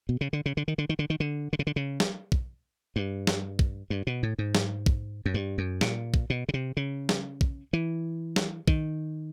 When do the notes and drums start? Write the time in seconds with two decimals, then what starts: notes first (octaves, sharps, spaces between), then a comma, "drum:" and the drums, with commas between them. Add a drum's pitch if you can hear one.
0.09 B2
0.21 C#3
0.33 D3
0.46 C#3
0.57 D3
0.68 D#3
0.78 D3
0.89 D#3
0.99 D3
1.10 D#3
1.20 D3
1.53 D3
1.59 C#3
1.67 D3
1.76 C#3
2.00 drum: snare
2.32 drum: kick
2.96 G2
3.27 drum: snare
3.59 drum: kick
3.90 G2
4.07 B2
4.23 A2
4.38 G#2
4.55 drum: snare
4.86 drum: kick
5.26 F#2
5.34 G2
5.58 F#2
5.81 A#2, drum: snare
6.14 drum: kick
6.30 B2
6.49 C#3
6.54 C3
6.77 C#3
7.09 drum: snare
7.41 drum: kick
7.73 E3
8.36 drum: snare
8.68 D#3, drum: kick